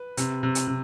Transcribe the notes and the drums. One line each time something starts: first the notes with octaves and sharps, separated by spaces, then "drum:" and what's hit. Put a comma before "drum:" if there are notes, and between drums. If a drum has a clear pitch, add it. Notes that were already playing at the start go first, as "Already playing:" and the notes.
Already playing: B4
C3, drum: hi-hat
C3
drum: hi-hat
C3